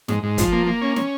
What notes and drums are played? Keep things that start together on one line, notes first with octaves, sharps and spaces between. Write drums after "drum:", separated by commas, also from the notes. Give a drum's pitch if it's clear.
G#2, drum: snare
G#2
F3, drum: kick, hi-hat
A#3
A#3
C#4
C#4, drum: snare